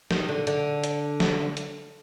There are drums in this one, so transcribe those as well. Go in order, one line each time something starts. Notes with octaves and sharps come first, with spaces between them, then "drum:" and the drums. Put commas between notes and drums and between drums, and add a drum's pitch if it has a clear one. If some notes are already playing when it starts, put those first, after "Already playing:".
D#3, drum: snare
D3
D3, drum: hi-hat
drum: hi-hat
drum: snare
drum: hi-hat